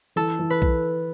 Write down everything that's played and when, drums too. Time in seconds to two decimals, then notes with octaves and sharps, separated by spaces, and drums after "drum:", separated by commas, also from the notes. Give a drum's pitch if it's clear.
0.16 E3 A4
0.39 E3
0.50 B4
0.62 drum: kick B1